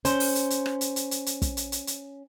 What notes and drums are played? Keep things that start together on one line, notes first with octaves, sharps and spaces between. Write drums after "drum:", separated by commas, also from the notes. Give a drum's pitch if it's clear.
C#4 C5, drum: hi-hat
drum: open hi-hat
drum: hi-hat
drum: hi-hat
drum: rim click
drum: hi-hat
drum: hi-hat
drum: hi-hat
drum: hi-hat
drum: kick, hi-hat
drum: hi-hat
drum: hi-hat
drum: hi-hat